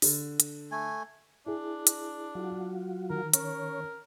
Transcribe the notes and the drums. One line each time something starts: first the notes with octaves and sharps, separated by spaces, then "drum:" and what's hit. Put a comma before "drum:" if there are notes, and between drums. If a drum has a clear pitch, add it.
D3, drum: open hi-hat
drum: hi-hat
A3 G#5
D4 E4 G#4
drum: hi-hat
F#3 F4 F#4
D#3 A#4
C#4 A#4 C#5, drum: hi-hat